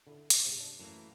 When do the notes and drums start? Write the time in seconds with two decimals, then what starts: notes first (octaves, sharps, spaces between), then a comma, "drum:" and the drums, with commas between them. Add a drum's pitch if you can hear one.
0.07 D3 E4
0.30 drum: hi-hat
0.46 G#2 C3
0.60 D4
0.79 F#2 A2 E3 A#3